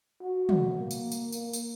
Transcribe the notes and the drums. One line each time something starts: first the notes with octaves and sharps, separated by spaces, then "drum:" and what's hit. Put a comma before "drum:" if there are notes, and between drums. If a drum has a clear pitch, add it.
F#4
drum: tom
A#3
drum: tambourine
drum: tambourine
A#3, drum: tambourine
drum: tambourine